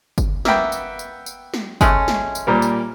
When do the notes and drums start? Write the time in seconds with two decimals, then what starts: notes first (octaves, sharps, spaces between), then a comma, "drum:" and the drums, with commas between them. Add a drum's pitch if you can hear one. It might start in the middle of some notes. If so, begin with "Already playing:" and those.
0.18 drum: kick G1, tambourine
0.45 A#3 B3 E5 G5, drum: snare
0.72 drum: tambourine
0.99 drum: tambourine
1.26 drum: tambourine
1.54 drum: snare
1.81 G#3 A3 C#4, drum: kick G1, tambourine
2.08 drum: snare
2.35 drum: tambourine
2.47 A#2 G3 A#4
2.62 drum: tambourine